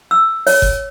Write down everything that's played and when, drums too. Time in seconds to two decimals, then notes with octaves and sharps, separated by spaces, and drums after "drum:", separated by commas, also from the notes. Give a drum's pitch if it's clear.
0.11 E6
0.47 C#5, drum: open hi-hat
0.62 drum: kick F#1